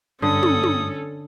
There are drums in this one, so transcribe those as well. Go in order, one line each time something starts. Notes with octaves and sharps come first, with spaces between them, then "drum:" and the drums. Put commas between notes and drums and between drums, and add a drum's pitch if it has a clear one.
G2 D3 C#4 A4 D#6
drum: tom
drum: tom